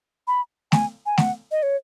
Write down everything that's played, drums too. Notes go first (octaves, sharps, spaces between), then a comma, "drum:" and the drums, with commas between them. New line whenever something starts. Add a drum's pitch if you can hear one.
B5
G#5, drum: snare A3
G#5
F#5, drum: snare A3
D#5
C#5